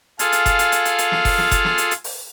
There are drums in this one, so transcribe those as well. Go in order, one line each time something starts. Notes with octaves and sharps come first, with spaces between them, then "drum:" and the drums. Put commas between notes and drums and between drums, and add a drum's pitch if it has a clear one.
F4 G#4 A4 F5, drum: hi-hat
drum: hi-hat
drum: kick F#1, hi-hat
drum: hi-hat
drum: hi-hat
drum: hi-hat
drum: hi-hat
drum: snare
drum: kick F#1, open hi-hat
drum: snare
drum: kick F#1, hi-hat
drum: snare
drum: hi-hat
drum: hi-hat
drum: open hi-hat